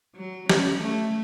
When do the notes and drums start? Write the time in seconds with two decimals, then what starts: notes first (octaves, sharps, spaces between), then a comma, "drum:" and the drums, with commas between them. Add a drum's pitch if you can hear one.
0.16 F#3
0.49 C#4, drum: snare
0.82 A3